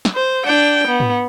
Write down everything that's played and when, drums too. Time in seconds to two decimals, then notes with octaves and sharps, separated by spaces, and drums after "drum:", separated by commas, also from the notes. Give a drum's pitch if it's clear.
0.05 drum: snare
0.15 C5
0.45 D4 G5
0.87 B3
1.00 drum: tom G#2